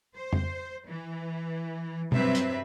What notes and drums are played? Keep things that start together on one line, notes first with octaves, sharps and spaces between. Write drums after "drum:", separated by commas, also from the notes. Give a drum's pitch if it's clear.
C5
drum: tom F2
E3
G2 C3 F#3 C4 B4 E5, drum: tom B2
drum: hi-hat